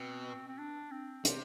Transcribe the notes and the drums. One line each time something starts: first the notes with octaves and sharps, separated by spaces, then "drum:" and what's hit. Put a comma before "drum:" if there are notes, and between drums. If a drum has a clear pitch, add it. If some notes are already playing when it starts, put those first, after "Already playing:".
Already playing: B2 C4
C4
D4
C4
C3, drum: hi-hat